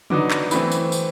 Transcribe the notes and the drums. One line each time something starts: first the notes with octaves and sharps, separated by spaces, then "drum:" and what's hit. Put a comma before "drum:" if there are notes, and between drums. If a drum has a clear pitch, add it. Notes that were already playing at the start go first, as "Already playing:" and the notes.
D3 F#3 B3 D#4 D6, drum: tom
drum: clap
E3 A3 C4 B5, drum: tambourine
drum: tambourine
drum: tambourine